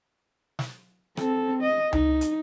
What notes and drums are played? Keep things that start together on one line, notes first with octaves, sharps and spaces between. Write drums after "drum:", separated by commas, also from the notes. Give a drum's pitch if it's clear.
drum: snare
C4 A4, drum: rim click
D#5
D#4, drum: tom C#2
drum: hi-hat